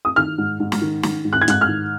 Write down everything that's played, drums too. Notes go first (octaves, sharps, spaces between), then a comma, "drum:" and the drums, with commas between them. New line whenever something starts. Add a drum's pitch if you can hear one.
D#6
D#3 F6
G#2
G#2
drum: snare
D#3
D#3, drum: snare
G#2
F#6
G#6
G#2 F#6, drum: hi-hat
F6
D#3